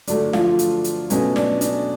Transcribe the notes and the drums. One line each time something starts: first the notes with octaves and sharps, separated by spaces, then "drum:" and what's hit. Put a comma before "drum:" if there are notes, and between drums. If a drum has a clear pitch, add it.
D3 F#3 A3 D4, drum: hi-hat
F3 F4, drum: snare
drum: hi-hat
drum: hi-hat
B2 F#3 A3 C#4, drum: hi-hat
D4, drum: snare
D4, drum: hi-hat